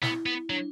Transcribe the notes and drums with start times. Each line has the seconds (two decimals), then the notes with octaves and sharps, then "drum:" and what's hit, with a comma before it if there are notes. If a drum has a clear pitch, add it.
0.02 B3 E4, drum: snare
0.26 B3
0.49 F#3 D4